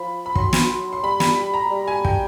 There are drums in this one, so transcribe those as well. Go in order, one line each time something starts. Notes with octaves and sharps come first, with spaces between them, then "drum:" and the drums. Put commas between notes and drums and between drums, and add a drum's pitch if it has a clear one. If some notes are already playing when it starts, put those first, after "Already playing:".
Already playing: F3 B5
B5
F#3 C6, drum: kick
drum: snare
C6
G3 B5
B5, drum: snare
A#5
G3
G#5
G5, drum: kick